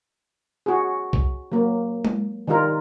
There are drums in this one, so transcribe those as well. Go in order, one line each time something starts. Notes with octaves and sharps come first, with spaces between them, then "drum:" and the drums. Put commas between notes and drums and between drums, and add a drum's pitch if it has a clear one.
F#4 G#4
drum: kick C2
F#3 A#3
drum: tom G#3
D#3 G3 D#4 F4 A#4